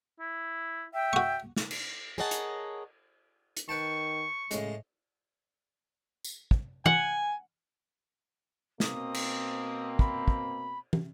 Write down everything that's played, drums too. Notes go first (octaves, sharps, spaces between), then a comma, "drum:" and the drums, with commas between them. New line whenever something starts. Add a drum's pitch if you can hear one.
E4
E5 G5
F#4 C#6
drum: snare
drum: cymbal
G#4 A#4 C#5 D#5 F#5 A5
drum: hi-hat
drum: hi-hat
D#3 B4 G5 A5 C#6
A2 C#3 G#3, drum: hi-hat
drum: tambourine
drum: kick
F#5 G#5, drum: tom E3
B2 A#3 C4 D#6, drum: snare
drum: cymbal
B5, drum: kick
drum: kick
drum: tom